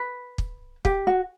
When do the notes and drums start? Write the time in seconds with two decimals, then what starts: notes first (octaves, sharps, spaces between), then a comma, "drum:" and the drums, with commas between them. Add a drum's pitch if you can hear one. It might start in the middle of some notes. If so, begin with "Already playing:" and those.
Already playing: B4
0.38 drum: kick
0.85 G4, drum: kick
1.07 F#4